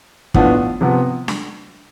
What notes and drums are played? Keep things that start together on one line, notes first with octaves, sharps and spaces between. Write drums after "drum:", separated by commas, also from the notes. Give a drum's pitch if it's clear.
A2 F3 B3 D4 F4, drum: kick
C3 F3 B3
drum: snare D4